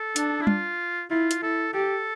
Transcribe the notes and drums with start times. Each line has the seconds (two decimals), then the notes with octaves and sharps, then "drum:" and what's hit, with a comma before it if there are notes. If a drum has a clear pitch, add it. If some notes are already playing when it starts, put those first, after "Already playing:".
Already playing: A4
0.16 D4, drum: hi-hat
0.41 E4
0.47 F4, drum: tom G3
1.10 E4 F4
1.31 drum: hi-hat
1.42 E4 A4
1.74 G4 A4